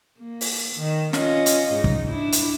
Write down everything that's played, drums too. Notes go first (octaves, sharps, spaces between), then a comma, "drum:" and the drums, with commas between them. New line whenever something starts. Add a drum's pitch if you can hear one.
A#3
drum: open hi-hat
D#3
C#4 F4 D#5, drum: snare
drum: hi-hat
G#2 D#4
drum: kick
D4 E4
drum: hi-hat